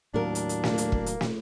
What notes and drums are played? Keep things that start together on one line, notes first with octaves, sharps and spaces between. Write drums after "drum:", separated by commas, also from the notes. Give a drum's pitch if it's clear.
D#2 A2 F#3 A#3 D4 A#4
drum: hi-hat
drum: hi-hat
A#3, drum: snare
drum: hi-hat
drum: kick
drum: hi-hat
drum: snare